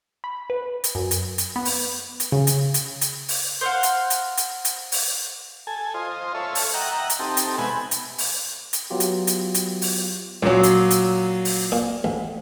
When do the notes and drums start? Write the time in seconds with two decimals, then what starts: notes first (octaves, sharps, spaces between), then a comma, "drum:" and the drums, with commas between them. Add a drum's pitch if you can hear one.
0.24 B5
0.50 B4
0.84 drum: hi-hat
0.95 F#2
1.11 drum: hi-hat
1.38 drum: hi-hat
1.56 B3
1.65 drum: open hi-hat
2.20 drum: hi-hat
2.32 C#3
2.47 drum: hi-hat
2.74 drum: hi-hat
3.01 drum: hi-hat
3.29 drum: open hi-hat
3.61 C5 F5 F#5
3.83 drum: hi-hat
4.10 drum: hi-hat
4.37 drum: hi-hat
4.65 drum: hi-hat
4.92 drum: open hi-hat
5.67 A4 G#5
5.94 F4 C5 D#5
6.35 A4 C#5 E5 F5
6.55 drum: open hi-hat
6.74 D#5 E5 F#5 G5 A#5
7.10 drum: hi-hat
7.19 C4 D#4 G4 A4
7.37 drum: hi-hat
7.58 B2 G#3 B3 E5 F#5 G#5
7.91 drum: hi-hat
8.18 drum: open hi-hat
8.73 drum: hi-hat
8.90 F#3 B3 F4 G4
9.00 drum: hi-hat
9.27 drum: hi-hat
9.54 drum: hi-hat
9.82 drum: open hi-hat
10.43 F#2 A#2 F#3 C#4
10.63 drum: hi-hat
10.91 drum: hi-hat
11.45 drum: open hi-hat
11.72 A#2
12.04 A1